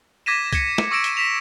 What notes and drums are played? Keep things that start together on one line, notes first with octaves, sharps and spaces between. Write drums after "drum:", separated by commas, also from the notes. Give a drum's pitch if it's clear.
D6 G#6 A#6 B6 D#7 E7
G#6 C#7, drum: kick, hi-hat
drum: snare
C#6 D6 E6 A#6 D7 E7
drum: hi-hat
B6 E7 F7